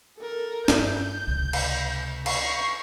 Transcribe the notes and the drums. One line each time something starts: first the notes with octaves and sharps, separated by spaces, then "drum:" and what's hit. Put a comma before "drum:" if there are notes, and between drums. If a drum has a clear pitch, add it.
A4 A#4
G2 G6, drum: snare
C#2 C3
drum: cymbal
C#6 C7, drum: cymbal